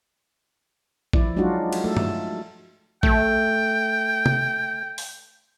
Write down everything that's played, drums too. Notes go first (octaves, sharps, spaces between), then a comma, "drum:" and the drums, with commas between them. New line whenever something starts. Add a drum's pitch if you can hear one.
F3 E4 D5, drum: kick A#1
F#3 G#3 D4 D#4 F4 F#4
drum: cymbal
A3 A4
drum: tom G2
A3 G5, drum: kick A#1
drum: tom C3
drum: open hi-hat